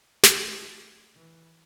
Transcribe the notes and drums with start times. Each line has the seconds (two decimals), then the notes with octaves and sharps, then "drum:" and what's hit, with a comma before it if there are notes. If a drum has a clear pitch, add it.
0.23 A3, drum: snare
1.15 E3